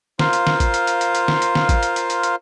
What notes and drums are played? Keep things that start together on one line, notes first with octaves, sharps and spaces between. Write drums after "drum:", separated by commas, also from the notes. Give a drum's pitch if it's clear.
F4 A#4 C5 F5, drum: snare
drum: hi-hat
drum: snare
drum: kick G#1, hi-hat
drum: hi-hat
drum: hi-hat
drum: hi-hat
drum: hi-hat
drum: snare
drum: hi-hat
drum: snare
drum: kick G#1, hi-hat
drum: hi-hat
drum: hi-hat
drum: hi-hat
drum: hi-hat